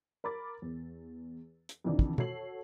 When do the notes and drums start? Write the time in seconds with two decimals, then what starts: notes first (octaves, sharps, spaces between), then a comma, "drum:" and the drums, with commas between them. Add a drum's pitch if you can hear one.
0.24 A#4 B5 D6 A6
0.62 E2
1.69 drum: hi-hat
1.84 F2 C3 D#3 E3 D4 D#4
1.99 drum: kick
2.18 F#4 A4 C#5 C7 F#7, drum: tom